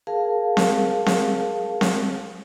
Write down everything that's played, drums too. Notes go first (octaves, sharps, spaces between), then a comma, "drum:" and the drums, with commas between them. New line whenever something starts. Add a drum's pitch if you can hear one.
G#4 A#4 F5 A5
drum: snare C4
drum: snare C4
drum: snare C4